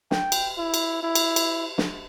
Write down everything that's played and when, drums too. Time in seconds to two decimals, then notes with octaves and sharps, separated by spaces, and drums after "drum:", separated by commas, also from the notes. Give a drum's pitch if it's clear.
0.11 G5, drum: snare
0.32 drum: cymbal
0.58 E4
0.74 drum: cymbal
1.03 E4
1.15 drum: cymbal
1.36 drum: cymbal
1.78 drum: snare